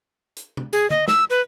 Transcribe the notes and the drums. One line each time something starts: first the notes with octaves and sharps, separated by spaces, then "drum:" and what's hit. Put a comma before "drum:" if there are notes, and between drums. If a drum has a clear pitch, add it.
drum: hi-hat
drum: tom C3
G#4, drum: tambourine
D#5, drum: tom
E6, drum: snare
B4